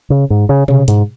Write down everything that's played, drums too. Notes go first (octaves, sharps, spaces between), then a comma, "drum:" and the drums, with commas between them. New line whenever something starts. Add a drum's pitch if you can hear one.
C#3
G#2
C#3
C#3, drum: tom B2
G#2, drum: hi-hat